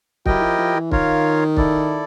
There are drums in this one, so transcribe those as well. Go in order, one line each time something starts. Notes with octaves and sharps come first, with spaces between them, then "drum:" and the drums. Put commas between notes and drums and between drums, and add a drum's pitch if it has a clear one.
F#3 E4 G4 A#4 D#5 G5, drum: kick
F3
F3
E3
D#3 F4 A#4 C#5 F5, drum: kick
E4 A4 D5, drum: kick